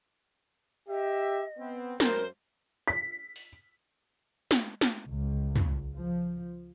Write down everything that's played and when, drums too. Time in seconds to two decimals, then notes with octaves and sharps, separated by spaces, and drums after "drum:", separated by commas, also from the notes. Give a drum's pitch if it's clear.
0.89 G4 D#5 E5
1.59 B3 C4
2.00 F#2 A#4 C5, drum: snare
2.88 B6
3.36 drum: open hi-hat
4.51 drum: snare
4.81 drum: snare
5.05 C#2
5.56 drum: tom
5.94 F3